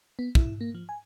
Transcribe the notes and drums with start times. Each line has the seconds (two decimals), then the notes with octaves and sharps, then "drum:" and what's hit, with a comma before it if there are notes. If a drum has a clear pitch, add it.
0.19 B3
0.35 E4, drum: kick
0.61 A#3
0.75 F3
0.89 G#5